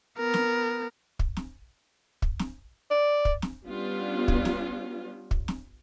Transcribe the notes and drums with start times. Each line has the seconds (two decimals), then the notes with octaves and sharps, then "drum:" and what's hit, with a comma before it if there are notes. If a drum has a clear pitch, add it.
0.17 B3 A#4
0.34 drum: snare
1.19 drum: kick
1.37 drum: snare
2.22 drum: kick
2.39 drum: snare
2.91 D5
3.25 drum: kick
3.42 drum: snare
3.67 G3 B3 C#4 D4 F4
4.28 drum: kick
4.45 drum: snare
5.31 drum: kick
5.48 drum: snare